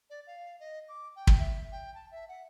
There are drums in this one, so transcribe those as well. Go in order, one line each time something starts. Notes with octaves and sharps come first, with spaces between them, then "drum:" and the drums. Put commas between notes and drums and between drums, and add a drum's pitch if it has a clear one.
D5
F5
D#5
D6
G5
drum: kick
E5
G5
A5
E5
F#5